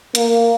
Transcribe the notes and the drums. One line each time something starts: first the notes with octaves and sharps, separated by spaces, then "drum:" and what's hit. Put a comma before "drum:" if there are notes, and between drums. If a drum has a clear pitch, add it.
A#3, drum: hi-hat